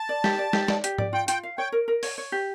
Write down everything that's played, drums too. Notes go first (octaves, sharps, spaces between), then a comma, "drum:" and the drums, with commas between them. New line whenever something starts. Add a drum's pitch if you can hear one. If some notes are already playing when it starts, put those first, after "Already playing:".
Already playing: A5
D5
G4, drum: snare
D5
G4, drum: snare
D5, drum: snare
G4, drum: hi-hat
D5, drum: tom G#2
F4 G5
F4 G5, drum: hi-hat
F5
C#5 G5
A#4
A#4
C#5, drum: open hi-hat
C#5
G4